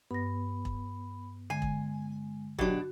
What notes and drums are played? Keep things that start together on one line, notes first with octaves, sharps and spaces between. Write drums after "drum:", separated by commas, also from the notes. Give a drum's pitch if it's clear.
G2 B3 B5 A#6
drum: kick E1
D3 G#3 G#5
drum: kick E1
B2 F#3 D4 F#4 G4, drum: kick E1